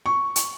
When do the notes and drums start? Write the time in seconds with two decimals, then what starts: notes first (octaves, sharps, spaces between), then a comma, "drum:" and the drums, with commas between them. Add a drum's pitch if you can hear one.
0.06 C#6
0.36 drum: hi-hat